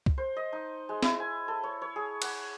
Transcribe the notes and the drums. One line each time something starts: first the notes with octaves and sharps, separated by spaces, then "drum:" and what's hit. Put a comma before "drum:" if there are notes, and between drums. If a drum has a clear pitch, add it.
drum: kick C#2
C5
D#5
D#4
G#3
E4, drum: snare
G#5
A4
C#5
C#5
G#4
F#5, drum: cymbal